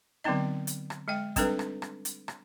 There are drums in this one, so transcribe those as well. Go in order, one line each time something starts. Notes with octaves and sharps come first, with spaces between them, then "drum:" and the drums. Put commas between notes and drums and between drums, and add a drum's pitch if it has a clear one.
D3 F#3 B3 C4 D#4 D#5
drum: hi-hat
drum: rim click
G#3 D#5 G5
G3 C4 D4 D#4 A4 B4, drum: kick, hi-hat
drum: rim click
drum: rim click
drum: hi-hat
drum: rim click